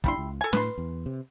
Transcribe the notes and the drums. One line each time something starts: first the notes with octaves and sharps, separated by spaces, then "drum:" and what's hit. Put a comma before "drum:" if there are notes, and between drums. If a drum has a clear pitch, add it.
F#1 G3 D4 E4 C6, drum: kick
C#2
A4 G#5
A2 B4 C6, drum: snare
E2
C3